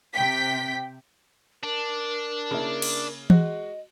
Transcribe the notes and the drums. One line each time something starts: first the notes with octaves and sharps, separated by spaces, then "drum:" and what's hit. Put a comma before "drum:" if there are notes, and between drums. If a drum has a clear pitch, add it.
C3 G5 B6
D4 A#4
C#3 A#3 E4
drum: cymbal
G#3 F#4 D#5, drum: tom E3